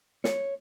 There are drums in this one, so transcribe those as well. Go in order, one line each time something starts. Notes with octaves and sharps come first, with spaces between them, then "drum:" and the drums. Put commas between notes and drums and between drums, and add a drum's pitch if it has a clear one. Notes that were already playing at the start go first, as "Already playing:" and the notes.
C#5, drum: snare